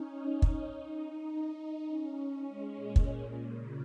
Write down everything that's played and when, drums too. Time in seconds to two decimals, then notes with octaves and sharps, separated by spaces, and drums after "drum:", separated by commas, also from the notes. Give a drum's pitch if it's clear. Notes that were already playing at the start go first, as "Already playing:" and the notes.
Already playing: C#4 D#4
0.42 drum: kick
1.22 D#4
1.84 C#4
2.46 G#3
2.76 A#2
2.96 drum: kick
3.07 A#2
3.38 C#3